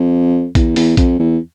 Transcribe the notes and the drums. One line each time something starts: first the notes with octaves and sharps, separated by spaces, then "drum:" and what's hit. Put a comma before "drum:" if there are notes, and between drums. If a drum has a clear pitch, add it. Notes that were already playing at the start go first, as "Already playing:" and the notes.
Already playing: F2
E2, drum: kick A#1, hi-hat
E2, drum: open hi-hat
F2, drum: kick A#1, hi-hat
E2